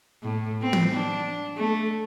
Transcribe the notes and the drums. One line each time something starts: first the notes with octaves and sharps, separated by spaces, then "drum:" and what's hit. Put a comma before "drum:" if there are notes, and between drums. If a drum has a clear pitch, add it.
A2
C4
drum: tom
D4
A3